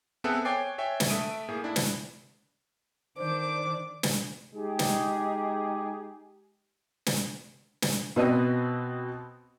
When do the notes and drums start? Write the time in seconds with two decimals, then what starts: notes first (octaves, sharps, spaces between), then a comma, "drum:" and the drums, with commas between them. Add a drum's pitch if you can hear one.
0.24 B3 C4 G#4 A4 E5 F#6
0.45 C#5 G5 G#5 D6 A6 C7
0.78 C#5 E5 G5 G#5
1.00 drum: snare
1.09 A3 A4 E5 D#6 D7 D#7
1.48 A2 A#3 G#4
1.64 D4 E4
1.76 drum: snare
3.17 D#3 D4 C5 D6
4.03 drum: snare
4.55 G#3 D#4 G4 G#4
4.79 drum: snare
7.06 drum: snare
7.82 drum: snare
8.16 B2 B3 C4 D#5 D#7